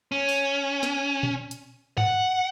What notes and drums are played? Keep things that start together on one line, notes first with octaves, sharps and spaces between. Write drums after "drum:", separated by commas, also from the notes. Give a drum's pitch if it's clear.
C#4
drum: open hi-hat
drum: snare
drum: tom A#2
drum: hi-hat
F#5, drum: tom G2